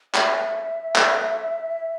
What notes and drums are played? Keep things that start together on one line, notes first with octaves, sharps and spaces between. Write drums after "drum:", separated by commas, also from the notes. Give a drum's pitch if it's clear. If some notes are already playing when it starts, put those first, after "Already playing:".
E5, drum: clap
drum: clap